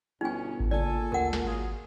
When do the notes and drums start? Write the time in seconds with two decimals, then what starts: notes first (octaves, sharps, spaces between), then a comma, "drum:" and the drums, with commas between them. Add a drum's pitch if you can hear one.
0.21 G1 G2 B2 C#4 D#4 G#5
0.60 drum: kick G#1
0.71 A#2 C#3 A4 D5 G#5
1.12 D2 A#4 F#5
1.33 drum: snare
1.44 G#1 F#3 F4 G#4